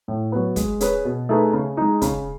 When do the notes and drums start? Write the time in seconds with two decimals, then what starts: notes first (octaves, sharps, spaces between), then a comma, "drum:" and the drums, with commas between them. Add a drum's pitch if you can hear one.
0.08 A2
0.32 F#3 B3
0.56 G#3, drum: kick, hi-hat
0.80 C#4 G#4 B4, drum: hi-hat
1.05 B2
1.29 A3 D#4 G#4 B4
1.53 C#3
1.77 G#3 D#4
2.02 C#3, drum: kick, hi-hat